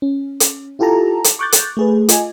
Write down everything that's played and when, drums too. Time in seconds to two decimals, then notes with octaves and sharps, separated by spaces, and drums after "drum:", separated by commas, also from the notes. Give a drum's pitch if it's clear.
0.02 C#4
0.40 drum: hi-hat
0.79 E4 F4 G4 A4 A5 A#5
1.24 drum: hi-hat
1.39 C#6 D6 F#6 G6 A6
1.52 drum: hi-hat
1.77 A3 G#4 B4
2.09 F4 D#5 G#5, drum: hi-hat